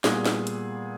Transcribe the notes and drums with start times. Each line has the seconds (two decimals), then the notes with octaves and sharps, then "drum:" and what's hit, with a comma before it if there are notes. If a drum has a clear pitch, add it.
0.04 A#2 G3 B3 G#4, drum: snare
0.25 drum: snare
0.47 drum: hi-hat